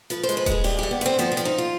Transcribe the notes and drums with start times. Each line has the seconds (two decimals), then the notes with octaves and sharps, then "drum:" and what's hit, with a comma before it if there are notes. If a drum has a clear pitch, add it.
0.10 F3 B4, drum: hi-hat
0.23 C5
0.29 G#3, drum: hi-hat
0.37 B4
0.46 G#3, drum: kick D#1, hi-hat
0.52 G#4
0.64 G2 G4, drum: open hi-hat
0.79 G2 G4
0.91 B3
1.01 G2 C4, drum: hi-hat
1.19 F3 B3, drum: hi-hat
1.32 C4
1.37 F3, drum: hi-hat
1.45 D#4
1.58 F4